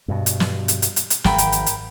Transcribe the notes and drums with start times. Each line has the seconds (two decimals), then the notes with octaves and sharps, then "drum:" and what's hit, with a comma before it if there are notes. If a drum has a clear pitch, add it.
0.08 G2 B2
0.26 drum: hi-hat
0.40 drum: snare
0.68 drum: hi-hat
0.82 drum: hi-hat
0.96 drum: hi-hat
1.10 drum: hi-hat
1.24 G#1 A#4 G5 B5, drum: snare
1.38 drum: hi-hat
1.52 drum: hi-hat
1.66 drum: hi-hat